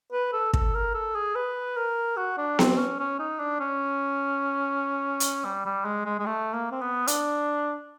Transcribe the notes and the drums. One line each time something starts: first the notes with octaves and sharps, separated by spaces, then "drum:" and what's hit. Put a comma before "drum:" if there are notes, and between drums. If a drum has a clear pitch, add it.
B4
A4
A4, drum: kick
A#4
A4
G#4
B4
A#4
F#4
D4
C4, drum: snare B3
C#4
C#4
D#4
D4
C#4
drum: hi-hat
G3
G3
G#3
G#3
G#3
A3
A#3
C4
B3
D4, drum: hi-hat